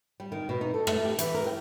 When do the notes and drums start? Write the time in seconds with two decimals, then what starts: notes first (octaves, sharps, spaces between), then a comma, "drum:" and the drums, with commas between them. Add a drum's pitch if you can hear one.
0.20 G3
0.32 D#3
0.49 B2
0.61 D#4
0.74 A4
0.87 A3, drum: rim click
1.05 G4
1.19 E3, drum: hi-hat
1.34 A#4
1.47 G5